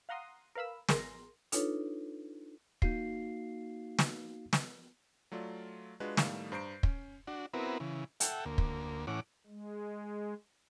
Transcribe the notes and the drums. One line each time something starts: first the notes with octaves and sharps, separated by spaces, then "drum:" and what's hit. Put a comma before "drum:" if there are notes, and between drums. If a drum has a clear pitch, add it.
F5 F#5 A#5 C6 D#6
A#4 B4 F5 B5 E6
A1 G#4 A#4 C6 A#6, drum: snare
D4 D#4 F4 A4 B4 C#5, drum: hi-hat
A#3 D#4 F#4 F5 C7, drum: kick
drum: snare
drum: snare
F#3 A3 F4 D5
G#3 D4 F4 F#4 B4
A2 D#3 G3 A3 F5 E7, drum: snare
G2 C5 A#5 G6 C7 D7
C#4, drum: kick
D4 F#4
B3 C4 E4 F#4 A#4 B4
C#3 E3
A4 E5 F#5 G5, drum: hi-hat
D2 A#3
drum: kick
A2 E3 C#4 F#5 D6
G#3